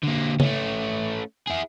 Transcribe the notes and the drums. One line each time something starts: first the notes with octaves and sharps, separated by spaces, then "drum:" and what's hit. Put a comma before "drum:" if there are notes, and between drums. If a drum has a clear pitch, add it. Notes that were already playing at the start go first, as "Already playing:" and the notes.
D3 A#3
A3 C#4, drum: tom C#3
E4 G#4